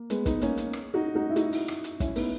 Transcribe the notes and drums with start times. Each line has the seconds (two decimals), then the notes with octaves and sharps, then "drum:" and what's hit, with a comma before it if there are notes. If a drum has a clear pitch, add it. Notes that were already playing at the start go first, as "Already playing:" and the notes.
Already playing: A#3
0.10 G#3 B3, drum: hi-hat
0.26 B3 D#4, drum: kick, hi-hat
0.42 A#3 C#4, drum: hi-hat
0.57 drum: hi-hat
0.73 drum: rim click
0.94 D#4 F#4
1.15 D#4 F#4
1.30 E4
1.36 D#4 F#4, drum: hi-hat
1.52 drum: open hi-hat
1.68 drum: rim click
1.84 drum: hi-hat
2.00 C#4 E4, drum: kick, hi-hat
2.16 B3 D#4, drum: open hi-hat